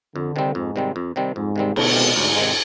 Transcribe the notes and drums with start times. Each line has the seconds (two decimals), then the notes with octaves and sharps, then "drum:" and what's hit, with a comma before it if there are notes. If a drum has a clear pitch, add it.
0.15 F2 D3
0.36 C3 D#3 G3 C4
0.55 F2 G#2
0.76 C3 D#3 G3 C4
0.96 F2
1.16 C3 D#3 G3 C4
1.36 F2 G#2
1.56 C3 D#3 G3 C4
1.76 D2 B2, drum: cymbal
1.96 C3 D#3 G#3
2.16 D2 G#2
2.36 C3 D#3 G#3